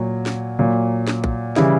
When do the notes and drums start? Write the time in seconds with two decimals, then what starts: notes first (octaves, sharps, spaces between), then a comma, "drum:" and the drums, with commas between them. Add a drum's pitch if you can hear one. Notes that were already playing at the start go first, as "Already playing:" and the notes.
Already playing: A#2 F#3
0.26 drum: snare
0.59 A#2 F#3
1.07 drum: snare
1.24 drum: kick A#1
1.56 C#3 E3 G3 E4, drum: snare